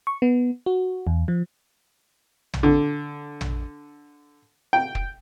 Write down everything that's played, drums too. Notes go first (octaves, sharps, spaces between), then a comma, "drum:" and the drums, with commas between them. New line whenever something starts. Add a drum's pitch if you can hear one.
C#6
B3
F#4
E2
F3
drum: tom
D3
drum: tom
G5
drum: kick